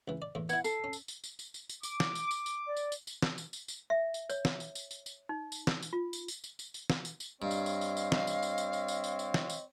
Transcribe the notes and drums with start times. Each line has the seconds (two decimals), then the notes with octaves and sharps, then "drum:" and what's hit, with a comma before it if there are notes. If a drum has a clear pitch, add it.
0.08 C#2 E3
0.22 D5
0.35 E2 A2
0.49 B3 E4 F#5 G#6, drum: tambourine
0.64 A4 C7, drum: tambourine
0.84 C#4
0.93 drum: tambourine
1.08 drum: tambourine
1.24 drum: tambourine
1.39 drum: tambourine
1.54 drum: tambourine
1.69 drum: tambourine
1.83 D6, drum: tambourine
2.00 drum: snare
2.15 drum: tambourine
2.31 drum: tambourine
2.46 drum: tambourine
2.67 D5
2.77 drum: tambourine
2.92 drum: tambourine
3.07 drum: tambourine
3.22 drum: snare
3.38 drum: tambourine
3.53 drum: tambourine
3.68 drum: tambourine
3.90 E5
4.14 drum: tambourine
4.30 C#5, drum: tambourine
4.45 drum: snare
4.60 drum: tambourine
4.75 drum: tambourine
4.91 drum: tambourine
5.06 drum: tambourine
5.29 D#4
5.52 drum: tambourine
5.67 drum: snare
5.82 drum: tambourine
5.93 F4
6.13 drum: tambourine
6.28 drum: tambourine
6.44 drum: tambourine
6.59 drum: tambourine
6.74 drum: tambourine
6.90 drum: snare
7.05 drum: tambourine
7.20 drum: tambourine
7.42 G2 C4 C#5 D#5 F5
7.51 drum: tambourine
7.66 drum: tambourine
7.81 drum: tambourine
7.97 drum: tambourine
8.12 drum: snare
8.27 drum: tambourine
8.43 drum: tambourine
8.58 drum: tambourine
8.73 drum: tambourine
8.88 drum: tambourine
9.04 drum: tambourine
9.19 drum: tambourine
9.34 drum: snare
9.50 drum: tambourine